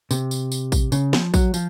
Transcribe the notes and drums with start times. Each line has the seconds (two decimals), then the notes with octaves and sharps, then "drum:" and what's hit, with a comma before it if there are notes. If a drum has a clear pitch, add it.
0.11 C3, drum: tambourine
0.31 drum: tambourine
0.52 drum: tambourine
0.72 drum: kick, tambourine
0.92 C#3, drum: tambourine
1.13 F3, drum: snare
1.34 F#3, drum: kick, tambourine
1.54 F3, drum: tambourine